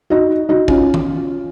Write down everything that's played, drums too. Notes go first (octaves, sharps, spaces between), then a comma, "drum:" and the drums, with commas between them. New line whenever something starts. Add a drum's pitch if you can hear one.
D#4 F#4
D#4 F#4
C#4 F4, drum: kick
drum: tom D#3